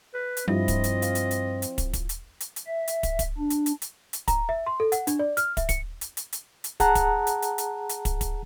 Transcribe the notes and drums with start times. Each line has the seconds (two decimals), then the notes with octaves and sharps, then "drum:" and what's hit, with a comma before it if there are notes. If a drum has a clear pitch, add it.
0.14 B4
0.37 drum: hi-hat
0.48 G2 F3 C4 E4 F4 D#5
0.68 drum: kick, hi-hat
0.84 drum: hi-hat
1.02 F5, drum: hi-hat
1.15 drum: hi-hat
1.31 drum: hi-hat
1.62 drum: hi-hat
1.78 drum: kick, hi-hat
1.93 drum: kick, hi-hat
2.09 drum: hi-hat
2.40 drum: hi-hat
2.56 drum: hi-hat
2.67 E5
2.88 drum: hi-hat
3.03 drum: kick, hi-hat
3.19 drum: kick, hi-hat
3.38 D4
3.50 drum: hi-hat
3.66 drum: hi-hat
3.82 drum: hi-hat
4.13 drum: hi-hat
4.28 A#5, drum: kick, hi-hat
4.49 E5
4.67 C6
4.80 A4
4.92 F#5, drum: hi-hat
5.07 D4, drum: hi-hat
5.19 D5
5.37 F6, drum: hi-hat
5.57 E5, drum: kick, hi-hat
5.69 C#7, drum: kick, hi-hat
6.01 drum: hi-hat
6.17 drum: hi-hat
6.33 drum: hi-hat
6.64 drum: hi-hat
6.80 G#4 F#5 A5 A#5 F#6, drum: kick, hi-hat
6.95 drum: kick, hi-hat
7.27 drum: hi-hat
7.42 drum: hi-hat
7.58 drum: hi-hat
7.89 drum: hi-hat
8.05 drum: kick, hi-hat
8.21 drum: kick, hi-hat